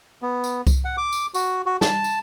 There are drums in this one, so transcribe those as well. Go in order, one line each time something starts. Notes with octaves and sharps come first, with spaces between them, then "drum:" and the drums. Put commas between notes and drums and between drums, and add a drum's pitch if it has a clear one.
B3
drum: tambourine
drum: kick C2, tambourine
F#5
D6
drum: tambourine
F#4, drum: tambourine
F#4
A5, drum: snare
drum: tambourine